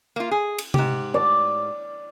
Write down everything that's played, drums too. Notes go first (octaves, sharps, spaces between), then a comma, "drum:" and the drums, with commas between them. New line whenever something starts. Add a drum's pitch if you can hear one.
A#3 F4
G#4
drum: cymbal
G#2 G4, drum: tom C3
D5